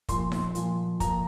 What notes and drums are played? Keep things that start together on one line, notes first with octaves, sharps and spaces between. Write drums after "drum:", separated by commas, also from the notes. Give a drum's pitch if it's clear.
A#2 F3 C6, drum: kick, hi-hat
drum: snare D#4
A#2 F3, drum: hi-hat
A#2 F3 A#5, drum: kick, hi-hat